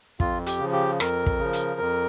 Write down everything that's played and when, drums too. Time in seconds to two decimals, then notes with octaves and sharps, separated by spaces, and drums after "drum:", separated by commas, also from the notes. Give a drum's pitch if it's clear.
0.20 F2 F4, drum: kick
0.46 G4, drum: hi-hat
0.60 C#3 F3
0.73 G4
1.00 F2 A#4, drum: rim click
1.26 drum: kick
1.39 C#3 F3
1.53 drum: hi-hat
1.80 F2